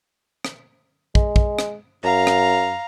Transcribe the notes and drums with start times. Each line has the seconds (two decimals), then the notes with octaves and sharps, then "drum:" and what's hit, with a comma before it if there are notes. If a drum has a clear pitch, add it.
0.45 drum: rim click
1.15 G#3, drum: kick
1.36 drum: kick
1.59 drum: rim click
2.04 F#2 F5 A#5
2.27 drum: rim click